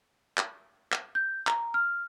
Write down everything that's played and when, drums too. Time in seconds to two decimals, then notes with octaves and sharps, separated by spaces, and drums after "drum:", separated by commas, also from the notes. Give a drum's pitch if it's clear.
0.38 drum: clap
0.92 drum: clap
1.15 G6
1.47 A#5, drum: clap
1.74 F6